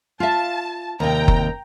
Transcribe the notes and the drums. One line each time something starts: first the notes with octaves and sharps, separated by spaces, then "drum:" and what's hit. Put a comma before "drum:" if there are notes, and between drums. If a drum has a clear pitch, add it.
F4 E5 A5
D#2 C3 G5 A#5
drum: kick F#1